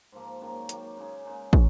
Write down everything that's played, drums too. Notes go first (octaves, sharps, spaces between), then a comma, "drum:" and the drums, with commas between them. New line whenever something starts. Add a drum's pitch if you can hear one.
G#2 F3 A#3
F#2 D#3 A#3
F#2 D#3 A#3, drum: hi-hat
C#3 G#3 D#4 G#4
C#3 G#3 D#4 G#4
D#3 G#3 C#4, drum: kick